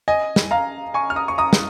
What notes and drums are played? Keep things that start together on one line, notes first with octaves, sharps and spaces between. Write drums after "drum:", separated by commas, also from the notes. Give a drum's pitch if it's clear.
D#5 G#5
drum: snare
F5 A#5
G#5 C#6
F6
A#5 D#6
C#6
A#5 D#6
drum: snare